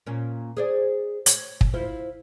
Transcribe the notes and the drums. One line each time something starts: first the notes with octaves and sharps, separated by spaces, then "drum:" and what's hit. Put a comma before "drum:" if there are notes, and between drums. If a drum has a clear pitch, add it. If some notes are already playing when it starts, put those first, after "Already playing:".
A#2 C#4
G#4 C5 D5
C#5, drum: hi-hat
drum: kick
E4 F4 C5